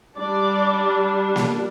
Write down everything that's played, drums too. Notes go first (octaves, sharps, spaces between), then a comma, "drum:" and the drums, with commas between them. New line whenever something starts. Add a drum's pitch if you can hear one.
G3 D4 D5
drum: snare A#3